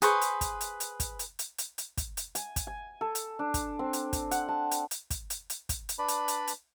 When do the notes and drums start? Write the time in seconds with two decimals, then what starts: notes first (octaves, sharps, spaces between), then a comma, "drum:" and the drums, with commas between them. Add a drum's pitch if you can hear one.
0.02 G#4 B4 C5 C#6, drum: hi-hat
0.21 drum: hi-hat
0.41 drum: kick, hi-hat
0.61 drum: hi-hat
0.80 drum: hi-hat
1.00 drum: kick, hi-hat
1.19 drum: hi-hat
1.39 drum: hi-hat
1.58 drum: hi-hat
1.78 drum: hi-hat
1.97 drum: kick, hi-hat
2.17 drum: hi-hat
2.35 G#5, drum: hi-hat
2.56 drum: kick, hi-hat
2.67 G#5
3.01 A4
3.15 drum: hi-hat
3.39 D4
3.54 drum: kick, hi-hat
3.79 C4
3.93 drum: hi-hat
4.13 drum: kick, hi-hat
4.31 F#5, drum: hi-hat
4.48 A5
4.71 drum: hi-hat
4.91 drum: hi-hat
5.10 drum: kick, hi-hat
5.30 drum: hi-hat
5.50 drum: hi-hat
5.69 drum: kick, hi-hat
5.89 drum: hi-hat
5.99 D4 B4 D5 B5
6.08 drum: hi-hat
6.28 drum: hi-hat
6.47 drum: hi-hat